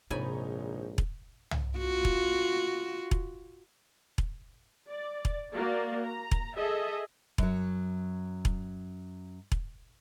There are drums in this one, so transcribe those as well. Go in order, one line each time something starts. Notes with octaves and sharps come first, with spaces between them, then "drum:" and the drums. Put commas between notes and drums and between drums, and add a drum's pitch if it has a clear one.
A#1 G#2 C3 C4 D#4 C#5 G#5 B5
drum: kick E1
drum: tom C2
F4 F#4
drum: kick E1
drum: kick E1
drum: kick E1
D5
drum: kick E1
A#3 F#4 D5
A#5
drum: kick E1
G#4 A4 D#5 E5
F#2 F#3, drum: kick E1
drum: kick E1
drum: kick E1